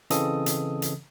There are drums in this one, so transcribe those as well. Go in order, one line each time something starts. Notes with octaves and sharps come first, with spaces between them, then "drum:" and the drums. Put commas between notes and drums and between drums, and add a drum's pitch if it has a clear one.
C#3 E3 C4 A4 D#5 D#6, drum: hi-hat
drum: hi-hat
drum: hi-hat